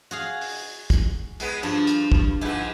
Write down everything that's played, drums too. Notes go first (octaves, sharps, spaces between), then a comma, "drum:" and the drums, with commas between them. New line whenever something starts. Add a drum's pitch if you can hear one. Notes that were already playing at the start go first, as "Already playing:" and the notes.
F#4 G#4 F5
drum: open hi-hat
drum: kick, hi-hat
G#3 B3 B4, drum: hi-hat
G2 F3
drum: hi-hat
drum: kick
G#2 F3 G4 B4 G#5